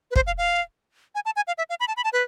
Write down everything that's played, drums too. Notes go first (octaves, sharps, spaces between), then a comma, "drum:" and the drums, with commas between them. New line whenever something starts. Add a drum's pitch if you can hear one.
B4
C5, drum: kick
F5
F5
G#5
A5
G#5
F5
E5
F5
B5
A5
B5
A5
B4